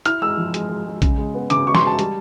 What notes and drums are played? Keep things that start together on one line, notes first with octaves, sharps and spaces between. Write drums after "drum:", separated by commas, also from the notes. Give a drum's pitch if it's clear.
E4 F6, drum: hi-hat
G#3 E6
F3
G#3, drum: hi-hat
G#3
G#3
C#3, drum: kick A#1, hi-hat
G#3
B3
C#3 D6, drum: hi-hat
G#3 C#6
C6, drum: snare
G#3 A5
G3, drum: hi-hat